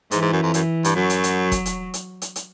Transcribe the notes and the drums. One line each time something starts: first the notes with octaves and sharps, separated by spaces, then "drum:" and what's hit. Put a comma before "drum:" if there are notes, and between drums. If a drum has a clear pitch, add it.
G#2 E3, drum: hi-hat
G#2
F#2
F2
F#2, drum: hi-hat
G2, drum: hi-hat
F#2 F#3
drum: hi-hat
drum: hi-hat
drum: kick, hi-hat
drum: hi-hat
drum: hi-hat
drum: hi-hat
drum: hi-hat